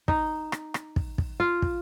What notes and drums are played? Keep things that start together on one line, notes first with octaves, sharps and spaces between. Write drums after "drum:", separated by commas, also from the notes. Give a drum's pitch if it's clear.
D#4, drum: kick
drum: rim click
drum: rim click
drum: kick
drum: kick
F4
drum: kick